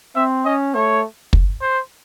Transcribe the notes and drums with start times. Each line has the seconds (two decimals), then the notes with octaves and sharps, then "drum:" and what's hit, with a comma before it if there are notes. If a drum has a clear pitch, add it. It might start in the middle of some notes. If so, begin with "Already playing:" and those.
0.15 C4 E5
0.45 C#4 D#5
0.74 A3 C#5
1.33 drum: kick
1.61 C5